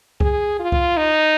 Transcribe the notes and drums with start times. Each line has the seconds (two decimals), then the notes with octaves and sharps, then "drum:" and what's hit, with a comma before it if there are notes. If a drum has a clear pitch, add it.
0.20 G#4, drum: kick C2
0.60 F4
0.72 drum: kick C2
0.97 D#4